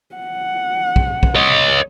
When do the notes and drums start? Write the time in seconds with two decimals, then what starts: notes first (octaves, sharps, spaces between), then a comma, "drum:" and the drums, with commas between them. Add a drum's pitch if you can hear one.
0.15 F#5
0.96 drum: kick
1.23 drum: kick
1.35 C#5 D#5